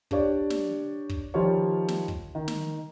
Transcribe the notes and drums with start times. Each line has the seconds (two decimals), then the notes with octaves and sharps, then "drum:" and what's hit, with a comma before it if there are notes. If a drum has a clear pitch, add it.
0.11 D4 G4 C#5 D5, drum: kick
0.50 drum: snare
1.09 drum: kick
1.34 D#3 F3 G3 F4 C#5
1.88 drum: snare
2.08 drum: kick
2.35 D#3
2.48 drum: snare